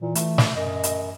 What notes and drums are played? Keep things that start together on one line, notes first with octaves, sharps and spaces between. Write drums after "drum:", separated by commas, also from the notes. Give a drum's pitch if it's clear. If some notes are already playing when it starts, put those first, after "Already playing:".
A#2 E3
A3, drum: hi-hat
drum: snare
F#2 D#5
drum: hi-hat